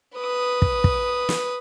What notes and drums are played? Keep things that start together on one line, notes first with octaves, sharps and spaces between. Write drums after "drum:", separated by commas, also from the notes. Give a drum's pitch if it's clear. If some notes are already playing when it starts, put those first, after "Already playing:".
B4 D#6
drum: kick
drum: kick
drum: snare